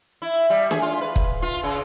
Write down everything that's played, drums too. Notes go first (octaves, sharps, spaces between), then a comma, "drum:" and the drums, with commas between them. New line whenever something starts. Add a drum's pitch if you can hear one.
E4
G3
G#4, drum: snare
F4
B4
drum: kick
F4
C#3